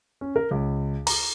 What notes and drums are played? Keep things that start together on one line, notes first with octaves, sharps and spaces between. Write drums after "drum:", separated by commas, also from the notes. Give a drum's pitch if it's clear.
C#4
A#4
C#2
A#5, drum: open hi-hat